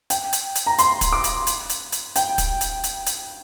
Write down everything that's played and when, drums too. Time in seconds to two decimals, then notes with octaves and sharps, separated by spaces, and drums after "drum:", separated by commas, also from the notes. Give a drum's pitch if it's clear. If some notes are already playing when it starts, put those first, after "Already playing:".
0.10 G5, drum: hi-hat
0.33 drum: hi-hat
0.56 drum: hi-hat
0.66 A#5
0.79 C6, drum: hi-hat
1.01 drum: kick, hi-hat
1.12 D6
1.24 drum: hi-hat
1.47 drum: hi-hat
1.70 drum: hi-hat
1.92 drum: hi-hat
2.16 G5, drum: hi-hat
2.38 drum: kick, hi-hat
2.61 drum: hi-hat
2.84 drum: hi-hat
3.07 drum: hi-hat